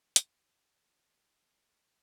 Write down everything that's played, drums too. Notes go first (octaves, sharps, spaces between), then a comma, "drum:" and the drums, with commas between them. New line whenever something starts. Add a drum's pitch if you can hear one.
D#3 E3 A#4 C#6 F6, drum: hi-hat